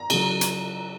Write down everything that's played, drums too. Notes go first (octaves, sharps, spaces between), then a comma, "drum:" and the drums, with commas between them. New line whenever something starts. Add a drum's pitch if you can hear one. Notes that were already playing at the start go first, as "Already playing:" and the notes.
Already playing: A#5
C#3 F#3, drum: cymbal
drum: hi-hat